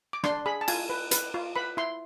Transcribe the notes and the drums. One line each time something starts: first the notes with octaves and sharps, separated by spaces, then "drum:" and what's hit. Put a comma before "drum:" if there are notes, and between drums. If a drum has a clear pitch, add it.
D6
D4 C6, drum: rim click
G#4 B5
A5
F4 G#5, drum: cymbal
B4
B4, drum: hi-hat
F4
B4 B5
E4 C6